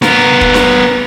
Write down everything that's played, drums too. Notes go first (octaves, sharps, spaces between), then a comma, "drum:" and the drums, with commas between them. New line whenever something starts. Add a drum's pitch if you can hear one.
B3 A#4, drum: snare
drum: kick
drum: snare